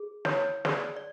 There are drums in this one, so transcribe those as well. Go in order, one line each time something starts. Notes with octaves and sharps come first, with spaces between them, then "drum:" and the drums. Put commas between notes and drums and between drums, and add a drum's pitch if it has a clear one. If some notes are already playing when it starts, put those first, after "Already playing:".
Already playing: G#4
E4 C#5, drum: snare
G#4 C5 D5, drum: snare
D5